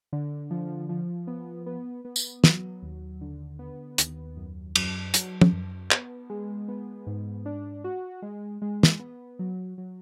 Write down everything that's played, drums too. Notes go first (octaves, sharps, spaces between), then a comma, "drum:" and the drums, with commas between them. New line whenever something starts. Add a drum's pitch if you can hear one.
D3
F3
F3
B3
B3
B3
drum: tambourine
F#3, drum: snare
D#2
D3
B3
D#2, drum: hi-hat
F#2
F#2, drum: cymbal
F#3, drum: hi-hat
drum: tom
F#2
B3, drum: clap
G#3
B3
G#2
D4
F#4
G#3
G#3
drum: snare
B3
F#3
F#3